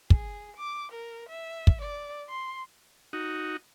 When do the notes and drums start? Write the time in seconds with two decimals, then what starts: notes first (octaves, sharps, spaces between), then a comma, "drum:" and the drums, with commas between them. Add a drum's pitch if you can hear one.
0.10 G#4, drum: kick
0.56 D6
0.91 A#4
1.29 E5
1.67 drum: kick
1.81 D5
2.29 C6
3.13 D#4 F#4